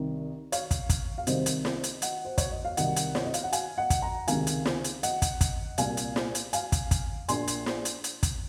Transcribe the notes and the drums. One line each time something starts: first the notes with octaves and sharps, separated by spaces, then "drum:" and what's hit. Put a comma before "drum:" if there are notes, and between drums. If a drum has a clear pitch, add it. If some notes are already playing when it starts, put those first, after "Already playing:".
Already playing: C2 C3 D#3
C#5 F5, drum: hi-hat
drum: kick, hi-hat
drum: kick, hi-hat
F5
C2 C3 D#3 C5 D#5, drum: hi-hat
drum: hi-hat
drum: snare
drum: hi-hat
D#5 F#5, drum: hi-hat
C5
C#5, drum: kick, hi-hat
D#5
F5
C2 C3 D#3 D#5 F#5, drum: hi-hat
drum: hi-hat
C#5, drum: snare
D#5
F5, drum: hi-hat
F#5
F5 G#5, drum: hi-hat
D#5 F#5
drum: kick, hi-hat
F#5 A#5
C#2 C3 D#3 F5 G#5, drum: hi-hat
drum: hi-hat
drum: snare
drum: hi-hat
D#5 F#5, drum: hi-hat
drum: kick, hi-hat
drum: kick, hi-hat
C2 A#2 F5 G#5, drum: hi-hat
drum: hi-hat
drum: snare
drum: hi-hat
F5 G#5, drum: hi-hat
drum: kick, hi-hat
drum: kick, hi-hat
A#1 A#2 G#5 C6, drum: hi-hat
drum: hi-hat
drum: snare
drum: hi-hat
drum: hi-hat
drum: kick, hi-hat